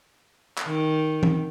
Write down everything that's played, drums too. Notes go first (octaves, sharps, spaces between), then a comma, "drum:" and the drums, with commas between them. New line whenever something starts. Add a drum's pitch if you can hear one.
drum: clap
D#3
drum: tom E3